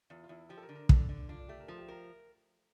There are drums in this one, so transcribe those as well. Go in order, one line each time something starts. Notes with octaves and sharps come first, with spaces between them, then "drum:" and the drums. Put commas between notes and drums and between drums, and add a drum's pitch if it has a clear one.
E2 F4
F4
E2 E4
F3 G4
A4
A#4
D3
A#4
D3 A4, drum: kick
D3
D4 F4
A3 G4
A#4
F3 A4
G4
G4 A#4